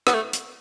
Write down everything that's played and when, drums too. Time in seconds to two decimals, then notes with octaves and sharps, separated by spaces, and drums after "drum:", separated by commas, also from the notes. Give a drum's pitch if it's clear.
0.07 B3, drum: rim click
0.14 A3
0.33 drum: hi-hat